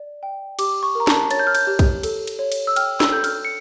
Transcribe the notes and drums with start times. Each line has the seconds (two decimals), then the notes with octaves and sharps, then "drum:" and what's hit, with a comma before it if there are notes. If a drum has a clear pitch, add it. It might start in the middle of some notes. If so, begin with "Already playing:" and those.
Already playing: D5
0.23 G5
0.59 G4 D6, drum: cymbal
0.83 C#6
0.95 A#4 A#5
1.07 A5, drum: snare
1.31 C#5 A6, drum: cymbal
1.39 G6
1.47 F6
1.55 G6, drum: cymbal
1.67 G4
1.79 drum: kick, cymbal
2.03 A4, drum: cymbal
2.27 drum: cymbal
2.39 C#5
2.52 drum: cymbal
2.67 E6
2.76 G5 F6, drum: cymbal
3.00 E6, drum: snare
3.11 A4 G6
3.24 F6, drum: cymbal
3.45 C#7